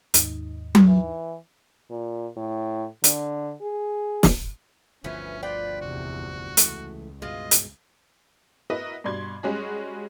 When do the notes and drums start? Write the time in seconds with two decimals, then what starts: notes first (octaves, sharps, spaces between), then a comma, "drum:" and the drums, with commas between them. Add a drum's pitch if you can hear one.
0.14 D#2 G#2 D#4, drum: hi-hat
0.75 drum: tom F#3
0.88 E3
1.91 A#2
2.37 A2
3.04 D3, drum: hi-hat
3.61 G#4
4.23 drum: snare
5.04 G1 D2 E3 F3 B3 C#4
5.43 F4 B4 D5 G5
5.81 E2 C3 F#4
6.57 C#2 E3 A3, drum: hi-hat
7.22 G2 B2 G#3 F4 D#5
7.51 drum: hi-hat
8.70 E4 F#4 A#4 B4 D#5
9.04 G2 B2 D5 C6 G#6
9.43 G3 G#3 C#4 F#4 G#4